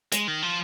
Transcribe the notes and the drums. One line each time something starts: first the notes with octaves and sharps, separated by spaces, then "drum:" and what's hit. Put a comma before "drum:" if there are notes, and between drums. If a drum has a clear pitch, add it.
G#3, drum: hi-hat
D#3
F3